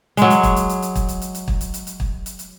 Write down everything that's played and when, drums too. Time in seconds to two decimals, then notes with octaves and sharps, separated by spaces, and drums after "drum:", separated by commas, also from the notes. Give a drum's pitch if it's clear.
0.17 F#3 G#3, drum: hi-hat
0.30 drum: hi-hat
0.43 drum: kick, hi-hat
0.56 drum: hi-hat
0.69 drum: hi-hat
0.82 drum: hi-hat
0.96 drum: kick, hi-hat
1.09 drum: hi-hat
1.22 drum: hi-hat
1.35 drum: hi-hat
1.48 drum: kick
1.61 drum: hi-hat
1.74 drum: hi-hat
1.87 drum: hi-hat
2.00 drum: kick
2.26 drum: hi-hat
2.39 drum: hi-hat